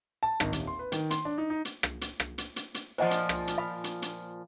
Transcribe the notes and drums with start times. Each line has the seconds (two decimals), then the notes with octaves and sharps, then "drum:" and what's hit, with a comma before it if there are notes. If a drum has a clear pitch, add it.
0.23 A5
0.40 G#1, drum: rim click
0.53 D#1, drum: hi-hat
0.67 C6
0.79 B4
0.92 D#3, drum: hi-hat
1.11 C6, drum: hi-hat
1.25 D4
1.38 D#4
1.50 D#4
1.65 drum: hi-hat
1.83 drum: rim click
2.01 drum: hi-hat
2.20 drum: rim click
2.38 drum: hi-hat
2.56 drum: hi-hat
2.74 drum: hi-hat
2.98 A#2 F3 C5 D#5 F#5
3.11 drum: hi-hat
3.29 drum: rim click
3.47 drum: hi-hat
3.58 F5 B5
3.84 drum: hi-hat
4.02 drum: hi-hat